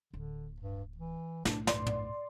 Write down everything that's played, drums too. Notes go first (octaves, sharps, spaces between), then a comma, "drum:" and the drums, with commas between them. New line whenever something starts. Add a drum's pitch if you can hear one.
D1 D3
G2
E3
B1 A2 D4, drum: snare
G2 D5 C6, drum: snare
drum: tom